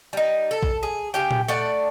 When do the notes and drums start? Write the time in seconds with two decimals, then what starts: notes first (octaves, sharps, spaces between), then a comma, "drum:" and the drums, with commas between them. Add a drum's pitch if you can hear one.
0.13 G3 D#4
0.51 A4
0.63 drum: kick A#1
0.83 G#4
1.14 C#3 G4 G5
1.31 drum: tom A#2
1.48 A3 D5 F#5